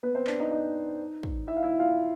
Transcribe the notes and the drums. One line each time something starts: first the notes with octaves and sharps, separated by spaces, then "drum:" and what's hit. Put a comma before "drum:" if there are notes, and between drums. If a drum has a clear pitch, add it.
B3 B4
C4 C5
D4 D5, drum: clap
D#4 D#5
D#4 D#5
drum: kick
E4 E5
F5
E4 E5
F4 F5